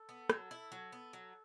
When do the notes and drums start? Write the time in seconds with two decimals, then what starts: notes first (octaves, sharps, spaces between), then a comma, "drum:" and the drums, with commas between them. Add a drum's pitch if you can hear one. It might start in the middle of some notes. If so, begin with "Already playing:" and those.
Already playing: A4
0.09 B3
0.30 F#3, drum: rim click
0.51 E4
0.72 F#3
0.92 B3
1.13 F#3